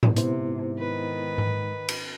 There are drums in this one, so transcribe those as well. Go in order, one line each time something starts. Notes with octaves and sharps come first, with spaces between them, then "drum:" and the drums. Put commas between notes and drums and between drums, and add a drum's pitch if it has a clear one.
drum: tom G#2
G#2 C3 B3 E4 C5, drum: hi-hat
D#3 B4
drum: tom G#2
drum: cymbal